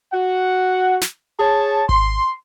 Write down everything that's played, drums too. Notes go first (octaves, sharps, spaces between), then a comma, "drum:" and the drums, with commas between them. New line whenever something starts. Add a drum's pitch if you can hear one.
F#4 F#5
drum: snare
G#4 C#5 A5
C6, drum: kick G#1